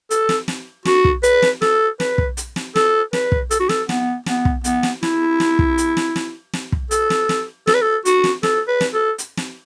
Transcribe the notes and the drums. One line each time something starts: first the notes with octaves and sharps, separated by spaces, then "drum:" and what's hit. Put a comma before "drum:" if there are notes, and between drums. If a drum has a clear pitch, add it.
A4, drum: hi-hat
drum: snare
drum: snare
F#4, drum: snare
drum: kick
B4, drum: hi-hat
drum: snare
A4, drum: snare
B4, drum: snare
drum: kick
drum: hi-hat
drum: snare
A4, drum: snare
B4, drum: snare
drum: kick
A4, drum: hi-hat
F#4
A4, drum: snare
B3, drum: snare
B3, drum: snare
drum: kick
B3, drum: hi-hat
drum: snare
E4, drum: snare
drum: snare
drum: kick
drum: hi-hat
drum: snare
drum: snare
drum: snare
drum: kick
A4, drum: hi-hat
drum: snare
drum: snare
A4, drum: snare
B4
A4
F#4, drum: hi-hat
drum: snare
A4, drum: snare
B4
drum: snare
A4
drum: hi-hat
drum: snare